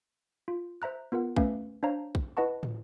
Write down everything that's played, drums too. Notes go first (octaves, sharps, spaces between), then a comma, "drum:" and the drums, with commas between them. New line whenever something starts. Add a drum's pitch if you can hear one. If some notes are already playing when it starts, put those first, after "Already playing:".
F4
C5 E5 A#5 F#6
B3 F4 A#4 F#5
A3 C#4 B4 E5 F5 G#5, drum: kick
D4 C5 C#5 F5 A#5
drum: kick
E4 B4 D#5 F#5 A5 C#6
drum: tom